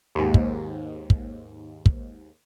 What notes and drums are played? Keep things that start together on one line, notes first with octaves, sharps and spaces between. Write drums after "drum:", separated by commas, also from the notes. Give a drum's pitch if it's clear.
D#2 G#2
drum: kick
drum: kick
drum: kick